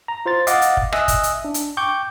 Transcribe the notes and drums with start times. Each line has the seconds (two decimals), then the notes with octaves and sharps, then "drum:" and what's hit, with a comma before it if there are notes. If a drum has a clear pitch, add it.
0.08 A#5
0.26 F4 C5 C6 A6
0.47 D#5 F5 F#5 D6 A6, drum: hi-hat
0.62 drum: hi-hat
0.77 drum: kick
0.92 D#5 E5 G#5 D#6 E6 F#6, drum: rim click
1.08 drum: kick, hi-hat
1.23 drum: hi-hat
1.45 D4
1.54 drum: hi-hat
1.77 G5 C#6 D6 G6